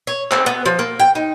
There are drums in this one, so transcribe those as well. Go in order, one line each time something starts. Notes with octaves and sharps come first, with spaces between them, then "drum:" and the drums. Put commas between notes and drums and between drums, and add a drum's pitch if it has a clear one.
C#5
C4, drum: clap
B3
F3
A#3
G5
D#4